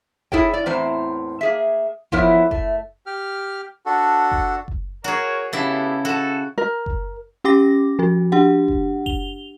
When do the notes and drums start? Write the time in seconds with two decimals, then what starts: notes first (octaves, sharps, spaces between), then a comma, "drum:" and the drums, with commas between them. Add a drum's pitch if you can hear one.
0.32 E4 G#4 A4 C#5 G5, drum: kick F#1
0.53 D5
0.66 E2 A2 E3 C4 C5 A#5
1.41 A#3 G#4 E5
2.12 E3 F3 B3 E4 A#4 C#5, drum: kick F#1
2.51 A3, drum: kick F#1
3.06 G4 F6
3.86 D4 F#4 A4
4.31 drum: kick F#1
4.68 drum: kick F#1
5.04 F#4 G#4 A#4 C#5
5.53 C#3 B3 E4 G4 A4
6.05 F#4 A4
6.58 A#4
6.86 drum: kick F#1
7.44 C#4 G4 G5 D6 A#6
7.99 F3 F#4
8.32 D4 G4 F#5
8.68 drum: kick F#1
9.06 F7 G7, drum: kick F#1